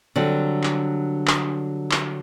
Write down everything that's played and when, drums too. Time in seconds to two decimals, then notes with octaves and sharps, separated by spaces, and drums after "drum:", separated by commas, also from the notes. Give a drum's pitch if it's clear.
0.16 D3 F#3 G3 C4
0.64 drum: clap
1.27 drum: clap
1.91 drum: clap